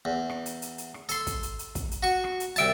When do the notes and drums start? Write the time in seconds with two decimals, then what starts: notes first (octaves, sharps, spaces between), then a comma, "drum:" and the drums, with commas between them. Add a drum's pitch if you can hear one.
0.05 E2
0.30 drum: rim click
0.46 drum: hi-hat
0.62 drum: hi-hat
0.78 drum: hi-hat
0.94 drum: rim click
1.09 A4 C6, drum: hi-hat
1.27 drum: kick, hi-hat
1.43 drum: hi-hat
1.59 drum: hi-hat
1.75 drum: kick, hi-hat
1.91 drum: hi-hat
2.03 F#4 C#6
2.24 drum: rim click
2.40 drum: hi-hat
2.56 C2 E5 A5 A6 D7, drum: hi-hat